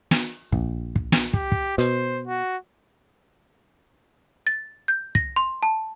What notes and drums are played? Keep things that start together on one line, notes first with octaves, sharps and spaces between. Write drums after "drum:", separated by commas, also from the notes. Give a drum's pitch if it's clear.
drum: snare
A#1, drum: kick
drum: kick
drum: snare
G4, drum: kick
drum: kick
B2 C5, drum: hi-hat
F#4
A6
G6
A#6, drum: kick
C6
A5